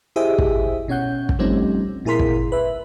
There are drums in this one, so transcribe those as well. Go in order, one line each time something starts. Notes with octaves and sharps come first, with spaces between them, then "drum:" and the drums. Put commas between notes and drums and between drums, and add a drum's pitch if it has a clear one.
E4 G4 G#4 C5 D#5 E5
drum: kick
B2 C#4 C#5 F#5 G6
drum: kick
F3 G3 A3 C4 C#4 D#4
A#2 E4 G#4 A#4 C6 B6
drum: kick
B4 E5